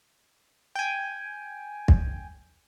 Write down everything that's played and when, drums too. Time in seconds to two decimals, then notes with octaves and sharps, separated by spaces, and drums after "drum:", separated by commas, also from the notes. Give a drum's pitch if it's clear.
0.75 G5 G#5
1.88 drum: kick